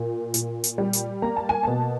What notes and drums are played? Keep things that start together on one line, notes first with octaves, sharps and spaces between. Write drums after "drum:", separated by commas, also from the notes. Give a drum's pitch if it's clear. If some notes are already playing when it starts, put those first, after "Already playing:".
Already playing: A#2
A#2, drum: hi-hat
drum: hi-hat
G3
drum: hi-hat
A#3 A#5
A5
G#5
B2 A5